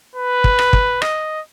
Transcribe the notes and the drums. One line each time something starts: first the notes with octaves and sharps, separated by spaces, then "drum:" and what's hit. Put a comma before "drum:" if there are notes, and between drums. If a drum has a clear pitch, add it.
B4
drum: kick
drum: rim click
drum: kick
D#5, drum: rim click